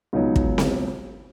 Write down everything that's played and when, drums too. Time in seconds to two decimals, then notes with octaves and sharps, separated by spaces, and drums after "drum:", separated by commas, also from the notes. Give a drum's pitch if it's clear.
0.13 C#2 B2 F#3 D#4
0.36 drum: kick
0.58 drum: snare C4